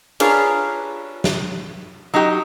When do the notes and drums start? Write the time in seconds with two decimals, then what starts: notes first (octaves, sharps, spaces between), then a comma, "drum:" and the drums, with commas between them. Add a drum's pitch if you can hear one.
0.20 D4 F4 G#4 A#4 B4 C#5, drum: cymbal
1.24 drum: snare
2.14 F#3 D#4 F#4 G4